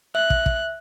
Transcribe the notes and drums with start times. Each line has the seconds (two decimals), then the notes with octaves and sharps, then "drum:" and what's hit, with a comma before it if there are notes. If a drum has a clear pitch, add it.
0.15 E5 F#6
0.30 drum: kick
0.46 drum: kick